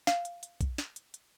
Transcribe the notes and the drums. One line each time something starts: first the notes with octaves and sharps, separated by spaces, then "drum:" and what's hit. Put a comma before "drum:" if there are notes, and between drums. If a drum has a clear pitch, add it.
F5, drum: snare
drum: hi-hat
drum: hi-hat
drum: kick, hi-hat
drum: snare
drum: hi-hat
drum: hi-hat